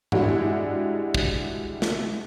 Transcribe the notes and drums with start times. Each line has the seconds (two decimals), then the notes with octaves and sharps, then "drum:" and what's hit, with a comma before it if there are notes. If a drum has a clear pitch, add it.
0.12 G3 G#3 D4 E4 F#4 G4, drum: tom G2
1.14 drum: kick
1.82 drum: snare